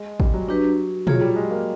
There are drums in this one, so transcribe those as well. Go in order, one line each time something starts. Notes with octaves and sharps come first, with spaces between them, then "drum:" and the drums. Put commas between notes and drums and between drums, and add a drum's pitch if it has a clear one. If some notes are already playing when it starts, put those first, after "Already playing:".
Already playing: G#3
G3, drum: kick
F#3
F#3 D4 G4 B4
F#3 F4 G#4 C#5, drum: tom
G3
G#3
A#3